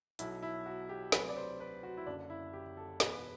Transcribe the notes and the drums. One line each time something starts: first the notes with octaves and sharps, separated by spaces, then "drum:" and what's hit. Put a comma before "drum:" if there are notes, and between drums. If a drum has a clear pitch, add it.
B1 B2 F#3 E4, drum: hi-hat
E4
F#4
G4
D2 C3 F#3 B4, drum: snare
D5
C5
B4
F#4
E4
F#1 F#2 D3 D4
E4
G4
A4
E1 E2 B2 B4, drum: snare